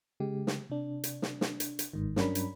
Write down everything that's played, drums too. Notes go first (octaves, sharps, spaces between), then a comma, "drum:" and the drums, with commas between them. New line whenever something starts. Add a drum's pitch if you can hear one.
C#3 G#3 G4
drum: snare
C3 D4
drum: hi-hat
drum: snare
drum: snare
drum: hi-hat
drum: hi-hat
G1 G#2 D#3
G2 F#3 C#4 D4 A#4 B5, drum: snare
drum: hi-hat